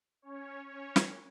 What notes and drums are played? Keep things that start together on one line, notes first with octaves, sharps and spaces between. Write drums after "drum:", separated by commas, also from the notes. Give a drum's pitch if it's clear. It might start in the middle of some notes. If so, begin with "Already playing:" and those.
C#4 C#5
C#4 C#5
drum: snare